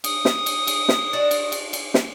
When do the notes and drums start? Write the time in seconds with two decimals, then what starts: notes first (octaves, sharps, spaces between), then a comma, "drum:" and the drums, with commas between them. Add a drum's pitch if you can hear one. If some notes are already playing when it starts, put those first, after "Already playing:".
0.04 D#6, drum: cymbal
0.25 drum: snare
0.46 drum: cymbal
0.67 drum: cymbal
0.89 drum: snare
1.13 D4 F#4 D#5
1.31 drum: cymbal
1.52 drum: cymbal
1.73 drum: cymbal
1.94 drum: snare